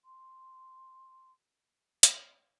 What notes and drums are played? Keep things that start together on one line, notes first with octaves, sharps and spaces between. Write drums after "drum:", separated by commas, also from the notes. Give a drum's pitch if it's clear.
C6
drum: hi-hat